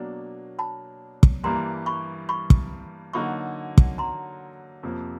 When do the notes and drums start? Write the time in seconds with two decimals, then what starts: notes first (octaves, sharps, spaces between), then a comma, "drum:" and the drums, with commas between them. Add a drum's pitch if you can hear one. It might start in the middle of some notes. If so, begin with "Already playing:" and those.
Already playing: B2 F#3 A#3 D4
0.59 A5 B5
1.23 drum: kick
1.44 G2 E3 G3 A#3 A#5 C6
1.86 B5 C#6
2.29 B5 C#6
2.50 drum: kick
3.13 D3 F#3 A#3 D#4 F#4 B5 C#6
3.78 drum: kick
3.98 A#5 C6
4.83 F2 C3 F3 A#3